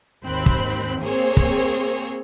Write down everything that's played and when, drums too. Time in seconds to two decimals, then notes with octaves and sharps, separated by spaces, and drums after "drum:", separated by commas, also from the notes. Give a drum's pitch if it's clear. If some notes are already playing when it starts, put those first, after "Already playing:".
0.23 G#1 D#2 C4 B5 F#6
0.46 drum: kick
1.01 A#3 C4 G#4 C5 C#5
1.37 drum: kick